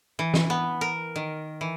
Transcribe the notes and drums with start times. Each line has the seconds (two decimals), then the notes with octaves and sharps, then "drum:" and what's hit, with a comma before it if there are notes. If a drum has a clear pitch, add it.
0.19 E3
0.34 drum: snare
0.50 B3
0.81 A#4
1.16 D#3
1.61 E3